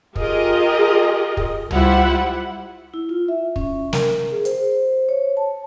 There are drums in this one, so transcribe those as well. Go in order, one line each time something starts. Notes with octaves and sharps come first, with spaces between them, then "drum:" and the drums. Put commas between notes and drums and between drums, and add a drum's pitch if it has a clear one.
F4 G4 G#4 A#4 D#5, drum: kick
drum: kick
G3 E4 F4 C5 F#5, drum: tom C#2
E4
F4
E5
C#4, drum: kick
A#4, drum: snare
G#4
C5, drum: hi-hat
C#5
A5